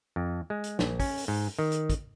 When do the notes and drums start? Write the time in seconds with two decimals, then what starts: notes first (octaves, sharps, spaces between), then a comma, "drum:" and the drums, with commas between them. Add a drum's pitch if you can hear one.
0.16 F2
0.50 G#3
0.64 drum: hi-hat
0.79 A#1, drum: snare
1.00 C#4, drum: kick, open hi-hat
1.18 drum: open hi-hat
1.28 G#2
1.59 D#3
1.72 drum: hi-hat
1.90 drum: kick, hi-hat